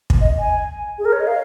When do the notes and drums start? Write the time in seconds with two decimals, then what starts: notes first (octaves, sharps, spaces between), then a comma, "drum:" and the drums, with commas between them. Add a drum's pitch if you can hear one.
0.10 drum: kick
0.21 D#5
0.39 G#5
0.99 G#4
1.05 A#4
1.13 C#5
1.20 D#5
1.27 F5